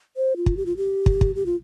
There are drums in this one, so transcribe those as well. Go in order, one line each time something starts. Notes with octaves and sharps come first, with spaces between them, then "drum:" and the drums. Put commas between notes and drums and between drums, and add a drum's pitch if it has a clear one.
C5
F4
drum: kick
G4
F4
G4
drum: kick
drum: kick
G4
F4